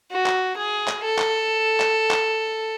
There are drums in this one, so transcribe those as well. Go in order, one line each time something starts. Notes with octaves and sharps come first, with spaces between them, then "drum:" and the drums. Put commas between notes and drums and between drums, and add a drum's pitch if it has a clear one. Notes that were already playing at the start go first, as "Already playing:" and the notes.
F#4
drum: clap
G#4
drum: clap
A4
drum: clap
drum: clap
drum: clap